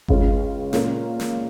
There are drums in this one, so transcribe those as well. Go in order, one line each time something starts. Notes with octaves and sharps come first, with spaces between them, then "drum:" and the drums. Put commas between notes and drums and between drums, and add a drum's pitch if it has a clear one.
C#2 C#3 G#3 C#4 F4, drum: kick G1
A#2 G#3 C#4 F4 A#4, drum: snare
drum: snare